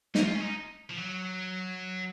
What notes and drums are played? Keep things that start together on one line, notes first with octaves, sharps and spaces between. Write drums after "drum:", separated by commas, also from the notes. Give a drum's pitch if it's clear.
D#4, drum: snare
F4
C#4
D#4
F3
F#3